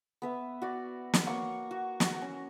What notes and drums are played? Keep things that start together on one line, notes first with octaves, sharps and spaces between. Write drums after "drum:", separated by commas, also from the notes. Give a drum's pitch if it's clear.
B3 B4 E5
F#4 D5
drum: snare
A#3 C#5 F#5 C#6
F#4
F#4 A#5 C#6, drum: snare
C#4